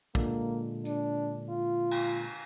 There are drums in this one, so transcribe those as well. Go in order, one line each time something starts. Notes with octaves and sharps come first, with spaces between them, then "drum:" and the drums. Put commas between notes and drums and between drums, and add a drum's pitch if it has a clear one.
A#2 D3 G#3 A#3, drum: kick
D4, drum: tambourine
F4
drum: cymbal